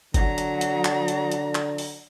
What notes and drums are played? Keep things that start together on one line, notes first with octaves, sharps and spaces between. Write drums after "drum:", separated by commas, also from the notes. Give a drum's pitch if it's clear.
D3 F#3 A#5, drum: kick G1, hi-hat
drum: hi-hat
drum: hi-hat
drum: clap
drum: hi-hat
drum: hi-hat
drum: clap
drum: open hi-hat